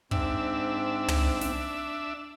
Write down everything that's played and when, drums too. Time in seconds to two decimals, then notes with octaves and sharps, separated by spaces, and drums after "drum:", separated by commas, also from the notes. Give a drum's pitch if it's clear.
0.11 G#2 C4 D4 E5, drum: kick
1.08 drum: tom
1.41 drum: snare